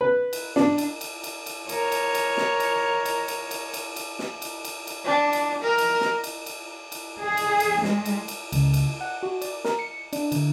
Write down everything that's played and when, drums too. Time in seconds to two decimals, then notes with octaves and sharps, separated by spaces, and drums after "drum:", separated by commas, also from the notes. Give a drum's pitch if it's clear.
0.01 B4
0.33 drum: cymbal
0.56 D4, drum: snare
0.78 drum: cymbal
1.01 drum: cymbal
1.24 drum: cymbal
1.46 drum: cymbal
1.69 A#4 C#5, drum: cymbal
1.92 drum: cymbal
2.15 drum: cymbal
2.37 drum: snare
2.60 drum: cymbal
3.05 drum: cymbal
3.28 drum: cymbal
3.51 drum: cymbal
3.74 drum: cymbal
3.96 drum: cymbal
4.19 drum: snare
4.42 drum: cymbal
4.65 drum: cymbal
4.87 drum: cymbal
5.05 D4
5.33 drum: cymbal
5.62 A#4
5.78 drum: cymbal
6.01 drum: snare
6.24 drum: cymbal
6.46 drum: cymbal
6.92 drum: cymbal
7.21 G#4
7.37 drum: cymbal
7.60 drum: cymbal
7.84 G#3, drum: snare
8.05 drum: cymbal
8.28 drum: cymbal
8.52 C#2, drum: cymbal
8.74 drum: cymbal
9.01 F#5
9.23 F#4
9.42 D5, drum: cymbal
9.65 A#4, drum: snare
9.79 C#7
10.13 D4, drum: cymbal
10.32 D3, drum: cymbal